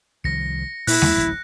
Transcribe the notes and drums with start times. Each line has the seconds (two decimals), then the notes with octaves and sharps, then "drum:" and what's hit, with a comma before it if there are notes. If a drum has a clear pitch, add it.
0.24 C2 D#3 F3 A#6 C#7
0.87 A#2 E4 F#6, drum: open hi-hat
1.02 E2, drum: snare G#3
1.15 D1 A1 F#3